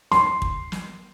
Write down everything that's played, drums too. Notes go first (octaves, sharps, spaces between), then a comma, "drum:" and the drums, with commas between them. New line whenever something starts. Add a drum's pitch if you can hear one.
C6, drum: snare
drum: kick
drum: snare